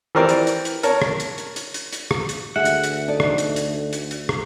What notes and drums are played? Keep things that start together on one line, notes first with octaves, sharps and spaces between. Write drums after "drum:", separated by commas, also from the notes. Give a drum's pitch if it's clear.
E3 G4 A#4 C5 D5
drum: hi-hat
drum: hi-hat
drum: hi-hat
A#4 C#5 A5, drum: hi-hat
drum: rim click
drum: hi-hat
drum: hi-hat
drum: hi-hat
drum: hi-hat
drum: hi-hat
drum: rim click
drum: hi-hat
D2 G#4 E5 F#5
drum: hi-hat
drum: hi-hat
D#4 A4 D5
drum: rim click
drum: hi-hat
drum: hi-hat
drum: hi-hat
drum: hi-hat
drum: rim click